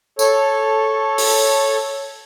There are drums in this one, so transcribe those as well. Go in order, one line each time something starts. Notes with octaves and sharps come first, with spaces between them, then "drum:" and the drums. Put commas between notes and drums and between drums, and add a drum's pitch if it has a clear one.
A4 C#5, drum: tambourine
drum: open hi-hat